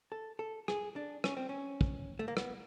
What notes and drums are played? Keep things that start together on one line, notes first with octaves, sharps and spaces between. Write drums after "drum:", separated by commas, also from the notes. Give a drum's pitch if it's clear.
A4
A4
G#4, drum: rim click
D4
C#4, drum: rim click
C4
C#4
drum: kick
A3
A#3
B3, drum: rim click